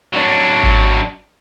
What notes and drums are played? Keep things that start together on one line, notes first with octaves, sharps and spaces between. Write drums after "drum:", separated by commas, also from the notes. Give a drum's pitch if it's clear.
F#3 D4
drum: kick G#1